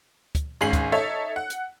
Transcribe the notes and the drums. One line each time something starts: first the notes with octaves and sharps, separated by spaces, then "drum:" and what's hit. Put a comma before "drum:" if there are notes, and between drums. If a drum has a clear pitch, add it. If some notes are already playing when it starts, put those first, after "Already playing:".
drum: kick, hi-hat
G#1 G#3 C#4 C7 F#7
drum: kick, hi-hat
D#4 A4 C#5 E5
F#5
drum: hi-hat